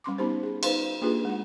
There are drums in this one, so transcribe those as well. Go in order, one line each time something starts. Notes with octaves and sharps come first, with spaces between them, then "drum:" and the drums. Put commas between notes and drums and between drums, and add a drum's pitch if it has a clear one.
G3 C#4 C6 D6
B3 C#4 D#4 G4 C5
G#4
D#4 B4 C5 F5 C6, drum: cymbal
A#3 D4 F4 G4 G#4 B4
G#3 F#5